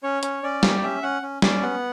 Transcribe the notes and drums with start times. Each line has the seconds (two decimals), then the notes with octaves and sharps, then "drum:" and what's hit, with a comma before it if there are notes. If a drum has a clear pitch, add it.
0.03 C#4 C#5
0.23 C#4, drum: hi-hat
0.43 C#4 D5
0.63 G4, drum: snare
0.83 C#4 E5
1.03 C#4 F#5
1.22 C#4
1.42 C#4 D5, drum: snare
1.62 B3 F#5